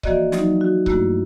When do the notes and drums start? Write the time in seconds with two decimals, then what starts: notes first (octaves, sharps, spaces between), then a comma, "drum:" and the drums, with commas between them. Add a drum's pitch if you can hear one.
0.03 E3 F3 A#3 F#4 D5 D#5, drum: kick C#1
0.32 F3 F#3 D#4, drum: snare
0.61 F#4
0.86 G2 A3 A#3 E4 F#4, drum: kick C#1